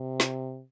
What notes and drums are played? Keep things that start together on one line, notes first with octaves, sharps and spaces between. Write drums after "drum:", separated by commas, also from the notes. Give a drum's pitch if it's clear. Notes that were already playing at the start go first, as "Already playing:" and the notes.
Already playing: C3
drum: snare